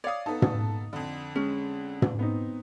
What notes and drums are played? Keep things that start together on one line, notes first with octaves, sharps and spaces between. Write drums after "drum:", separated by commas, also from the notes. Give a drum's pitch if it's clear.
C#5 D5 F5 D#6
B3 D#4 A4
drum: tom
F2 D3
G#3 C#4
drum: tom
B3 C4 D#4